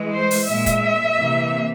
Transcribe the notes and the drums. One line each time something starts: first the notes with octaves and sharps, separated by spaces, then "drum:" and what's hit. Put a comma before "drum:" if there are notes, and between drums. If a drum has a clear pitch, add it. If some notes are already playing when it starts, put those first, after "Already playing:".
Already playing: E3 G#3
C5
drum: open hi-hat
A#2 G#3 E5
drum: kick, hi-hat
C3 E3 A#3